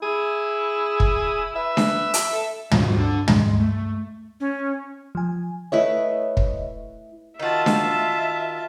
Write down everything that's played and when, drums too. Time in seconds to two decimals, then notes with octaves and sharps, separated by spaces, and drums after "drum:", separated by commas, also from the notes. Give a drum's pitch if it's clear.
0.03 E4 G#4
1.00 drum: kick
1.56 B4 E5
1.77 drum: snare D4
2.14 drum: hi-hat
2.32 A4
2.71 G3 A3 C4 F4 F#4 F5, drum: tom
2.98 D4 A4 A5
3.28 G#3, drum: tom
3.60 A3
4.40 C#4
5.15 F3 G#5
5.72 A3 E4 B4 C#5 D#5 E5
6.37 drum: kick
7.40 D#3 F4 F#4 E5 A5
7.66 drum: snare D4